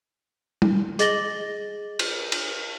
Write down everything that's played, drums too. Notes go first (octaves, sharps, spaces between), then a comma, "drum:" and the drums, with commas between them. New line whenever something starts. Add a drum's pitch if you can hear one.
drum: tom G3
G#4 D#5 A6 A#6 F#7 G7, drum: hi-hat
drum: cymbal
drum: cymbal